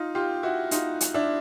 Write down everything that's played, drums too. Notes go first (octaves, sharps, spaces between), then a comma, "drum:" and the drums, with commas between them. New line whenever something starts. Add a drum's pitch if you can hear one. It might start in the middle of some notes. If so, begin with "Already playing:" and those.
Already playing: D#4 F4
F4 G4
E4 F#4
D#4 F4, drum: hi-hat
drum: hi-hat
D4 E4